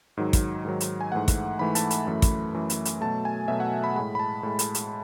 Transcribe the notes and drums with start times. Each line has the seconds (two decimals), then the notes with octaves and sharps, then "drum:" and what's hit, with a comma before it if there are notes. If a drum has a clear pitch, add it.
0.17 G#2 D#3 F#3
0.33 drum: kick, hi-hat
0.65 G#2 D#3 F#3
0.80 drum: hi-hat
1.01 G#5
1.12 G#2 E3 A3 F#5
1.28 drum: kick, hi-hat
1.59 G#2 E3 A3 B5
1.75 A5, drum: hi-hat
1.91 B5, drum: hi-hat
2.07 F#2 E3 A3
2.22 drum: kick, hi-hat
2.54 F#2 E3 A3
2.70 drum: hi-hat
2.85 drum: hi-hat
3.01 B2 F#3 A3 A5
3.25 G#5
3.48 B2 F#3 A3 E5
3.60 F#5
3.84 B5
3.95 A2 G#3 B5
4.15 B5
4.19 A5
4.43 A2 G#3
4.59 drum: hi-hat
4.75 drum: hi-hat